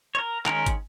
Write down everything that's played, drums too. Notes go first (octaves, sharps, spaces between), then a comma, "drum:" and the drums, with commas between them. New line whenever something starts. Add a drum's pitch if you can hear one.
C#5
A#4
D#3 G#3 C#4 A#4, drum: clap
drum: kick, hi-hat